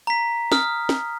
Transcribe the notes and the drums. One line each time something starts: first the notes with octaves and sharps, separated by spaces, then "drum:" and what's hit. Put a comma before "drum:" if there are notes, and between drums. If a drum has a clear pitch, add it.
A#5 B6
D#6 F6, drum: snare
drum: snare